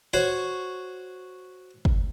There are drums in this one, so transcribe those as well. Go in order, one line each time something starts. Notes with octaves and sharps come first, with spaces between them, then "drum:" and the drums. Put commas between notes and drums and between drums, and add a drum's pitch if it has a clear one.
F#4 C5 C#5
drum: kick